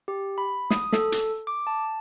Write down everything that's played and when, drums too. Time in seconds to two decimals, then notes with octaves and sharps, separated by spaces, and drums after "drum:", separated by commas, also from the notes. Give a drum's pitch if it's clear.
0.08 G4
0.38 B5
0.70 D#6, drum: snare
0.93 A4, drum: snare
1.12 drum: hi-hat
1.47 D6
1.67 A5